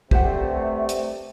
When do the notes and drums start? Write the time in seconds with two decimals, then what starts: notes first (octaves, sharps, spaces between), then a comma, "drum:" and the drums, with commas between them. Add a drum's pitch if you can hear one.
0.11 G2 C3 A3 G4 C5 F#5, drum: kick
0.89 drum: hi-hat